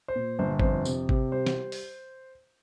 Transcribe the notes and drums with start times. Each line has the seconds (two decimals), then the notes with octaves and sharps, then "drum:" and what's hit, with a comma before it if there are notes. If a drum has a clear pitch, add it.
0.08 C5
0.16 A#2
0.39 G1 C5
0.60 F2 C5, drum: kick G#1
0.85 C3, drum: tambourine
1.09 C3, drum: kick G#1
1.32 G3 C5
1.47 drum: snare
1.72 drum: open hi-hat